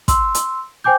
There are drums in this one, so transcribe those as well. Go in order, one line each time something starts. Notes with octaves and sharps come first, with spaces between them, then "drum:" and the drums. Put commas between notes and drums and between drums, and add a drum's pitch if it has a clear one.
C6 E6, drum: kick, hi-hat
drum: hi-hat
C5 G5 G#5 D6 G6